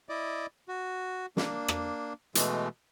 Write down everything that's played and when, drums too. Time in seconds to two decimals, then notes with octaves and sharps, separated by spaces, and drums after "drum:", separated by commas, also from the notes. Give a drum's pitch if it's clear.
0.09 E4 D5 D#5
0.68 F#4
1.37 A#3 D4, drum: snare
1.68 drum: rim click
2.35 B2 E3 G#3 A3, drum: hi-hat